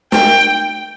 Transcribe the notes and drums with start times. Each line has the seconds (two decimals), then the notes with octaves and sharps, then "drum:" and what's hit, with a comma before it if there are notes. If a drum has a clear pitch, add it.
0.12 G5, drum: snare